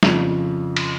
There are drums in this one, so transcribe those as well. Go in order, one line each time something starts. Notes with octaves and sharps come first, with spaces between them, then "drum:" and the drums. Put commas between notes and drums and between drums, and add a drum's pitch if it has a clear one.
F2 C#3 F3, drum: snare
drum: cymbal